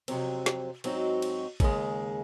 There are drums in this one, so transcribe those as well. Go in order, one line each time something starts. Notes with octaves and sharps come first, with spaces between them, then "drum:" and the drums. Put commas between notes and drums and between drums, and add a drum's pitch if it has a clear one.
F2 C3 F#3 C4, drum: cymbal
drum: snare
G#2 F#3 C4 D#4 F#4, drum: cymbal
drum: cymbal
D#2 C#3 G#3, drum: kick, cymbal